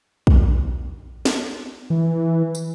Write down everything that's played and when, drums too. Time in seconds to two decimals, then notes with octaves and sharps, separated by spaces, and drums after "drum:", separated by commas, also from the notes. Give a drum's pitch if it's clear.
0.27 drum: kick
1.25 drum: snare
1.90 E3
2.55 drum: tambourine